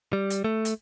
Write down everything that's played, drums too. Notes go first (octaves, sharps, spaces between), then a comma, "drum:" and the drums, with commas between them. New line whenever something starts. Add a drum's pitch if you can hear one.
G3
drum: hi-hat
A3
drum: hi-hat